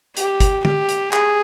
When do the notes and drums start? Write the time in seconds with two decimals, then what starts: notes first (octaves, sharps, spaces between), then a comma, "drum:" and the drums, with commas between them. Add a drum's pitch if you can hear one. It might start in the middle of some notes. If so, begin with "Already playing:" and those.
0.17 G4, drum: hi-hat
0.40 drum: kick, hi-hat
0.65 G4, drum: tom
0.89 drum: hi-hat
1.13 G#4, drum: clap